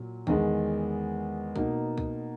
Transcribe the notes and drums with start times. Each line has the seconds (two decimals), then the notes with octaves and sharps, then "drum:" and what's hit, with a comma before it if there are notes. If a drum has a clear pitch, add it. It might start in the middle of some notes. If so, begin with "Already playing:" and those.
Already playing: A#2 F#3
0.27 E2 D#3 G#3, drum: kick C2
1.56 B2 A#3 D#4, drum: kick C2
1.98 drum: kick C2